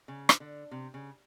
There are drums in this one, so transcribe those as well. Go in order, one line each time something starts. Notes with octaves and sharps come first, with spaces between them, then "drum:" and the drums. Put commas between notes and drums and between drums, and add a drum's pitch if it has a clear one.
C#3
drum: rim click
D3
C3
C#3